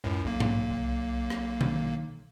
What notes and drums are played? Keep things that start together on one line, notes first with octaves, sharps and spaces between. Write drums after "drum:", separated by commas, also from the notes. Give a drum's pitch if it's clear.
C#2 F#2 A2
B1 A#3
drum: tom G#2
C2
drum: rim click
D#3, drum: tom B2